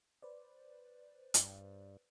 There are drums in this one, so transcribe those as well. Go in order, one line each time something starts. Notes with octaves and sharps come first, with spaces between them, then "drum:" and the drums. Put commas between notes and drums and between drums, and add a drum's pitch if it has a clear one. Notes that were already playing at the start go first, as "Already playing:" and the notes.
B4 C5 D5
G2, drum: hi-hat